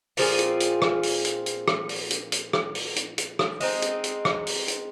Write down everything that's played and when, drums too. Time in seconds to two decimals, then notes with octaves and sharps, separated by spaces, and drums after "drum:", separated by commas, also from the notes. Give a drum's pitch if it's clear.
0.17 A#2 F3 C4 G#4, drum: open hi-hat
0.39 drum: hi-hat
0.60 drum: hi-hat
0.82 drum: rim click
1.03 drum: open hi-hat
1.25 drum: hi-hat
1.46 drum: hi-hat
1.68 drum: rim click
1.89 drum: open hi-hat
2.10 drum: hi-hat
2.32 drum: hi-hat
2.53 drum: rim click
2.75 drum: open hi-hat
2.96 drum: hi-hat
3.18 drum: hi-hat
3.39 drum: rim click
3.60 G#3 C4 D#4, drum: open hi-hat
3.82 drum: hi-hat
4.04 drum: hi-hat
4.25 drum: rim click
4.47 drum: open hi-hat
4.68 drum: hi-hat